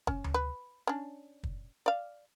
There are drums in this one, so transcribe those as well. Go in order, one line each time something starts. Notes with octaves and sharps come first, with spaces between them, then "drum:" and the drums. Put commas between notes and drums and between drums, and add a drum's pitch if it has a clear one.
C#4, drum: kick
drum: tom D2
B4
C#4 D4
drum: kick
D5 F5